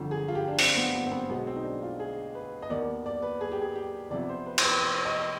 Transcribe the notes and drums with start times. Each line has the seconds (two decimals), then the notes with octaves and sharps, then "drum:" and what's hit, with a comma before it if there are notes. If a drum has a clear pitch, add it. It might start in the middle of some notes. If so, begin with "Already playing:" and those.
Already playing: G1 F2 D3
0.11 G#4
0.28 F4
0.35 G4
0.48 D4
0.59 C4, drum: open hi-hat
0.77 B3
0.94 B3
1.06 C4
1.12 B3
1.29 B1 B2 G#3 B3
1.47 C4
1.56 D#4
1.64 D4
1.83 F4
2.00 G#4
2.35 B4
2.62 D#5
2.70 D#2 D#3 B3 D5
3.06 D5
3.22 B4
3.41 G#4
3.52 G4
3.62 G#4
3.76 G4
4.11 F1 F2 C3 F3 B3 D5
4.29 C5
4.46 B4
4.58 C5, drum: cymbal
4.64 B4
4.81 C5
5.05 D#5